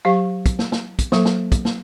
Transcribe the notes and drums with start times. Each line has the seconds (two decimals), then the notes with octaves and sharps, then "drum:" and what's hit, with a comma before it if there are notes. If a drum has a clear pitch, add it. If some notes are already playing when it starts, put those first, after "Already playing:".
0.05 F#3 G4 F5
0.46 drum: kick, hi-hat
0.59 drum: snare
0.72 drum: snare
0.99 drum: kick, hi-hat
1.12 F#3 A#3 A4, drum: snare
1.25 drum: snare
1.52 drum: kick, hi-hat
1.65 drum: snare